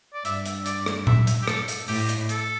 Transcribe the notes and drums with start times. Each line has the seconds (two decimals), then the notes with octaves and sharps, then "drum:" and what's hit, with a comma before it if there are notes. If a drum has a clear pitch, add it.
0.14 D5
0.25 G2 E5, drum: hi-hat
0.46 drum: hi-hat
0.66 D5, drum: hi-hat
0.86 drum: rim click
1.07 E5, drum: tom A#2
1.27 drum: hi-hat
1.42 G4
1.48 A4, drum: rim click
1.68 drum: hi-hat
1.88 A2 G4, drum: open hi-hat
2.09 drum: hi-hat
2.29 A4, drum: hi-hat